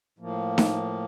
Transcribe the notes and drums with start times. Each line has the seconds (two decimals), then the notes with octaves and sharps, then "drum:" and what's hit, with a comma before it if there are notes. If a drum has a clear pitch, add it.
0.19 A2 F3 A#3
0.58 drum: snare D#4